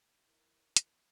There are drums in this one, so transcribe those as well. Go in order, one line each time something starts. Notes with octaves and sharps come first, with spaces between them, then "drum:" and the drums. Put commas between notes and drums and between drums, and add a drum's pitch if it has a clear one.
E4 A#4
drum: hi-hat